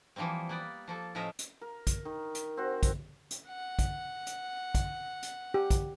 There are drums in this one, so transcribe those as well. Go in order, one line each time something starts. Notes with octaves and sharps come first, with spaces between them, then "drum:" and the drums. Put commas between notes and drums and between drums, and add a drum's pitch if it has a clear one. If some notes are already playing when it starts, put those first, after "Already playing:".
E3 F3 G3 A#3 C4
A#3 B3 D5
F3 A#3 A4
A2 F3 C#4 A#4 D#5 E5
drum: hi-hat
A#4
drum: kick, hi-hat
D#3
drum: hi-hat
C4 F#4
drum: kick, hi-hat
drum: hi-hat
F#5
drum: kick, hi-hat
drum: hi-hat
drum: kick, hi-hat
drum: hi-hat
G4
drum: kick, hi-hat